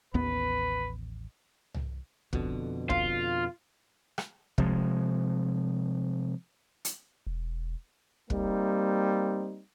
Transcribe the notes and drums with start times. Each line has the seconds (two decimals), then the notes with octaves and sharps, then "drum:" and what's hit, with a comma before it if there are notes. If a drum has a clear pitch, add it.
0.14 A1 D#2 B3 B4
1.74 drum: tom
2.33 F2 B2 D3, drum: kick
2.90 F4, drum: kick
4.18 drum: rim click
4.58 C3 F3 G#3, drum: kick
6.85 drum: hi-hat
7.27 E1
8.30 G3 A#3 C4 D#4, drum: kick